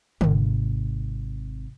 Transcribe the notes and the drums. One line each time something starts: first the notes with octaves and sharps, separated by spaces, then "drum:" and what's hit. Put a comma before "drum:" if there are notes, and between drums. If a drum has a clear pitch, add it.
G#1 C3, drum: tom D3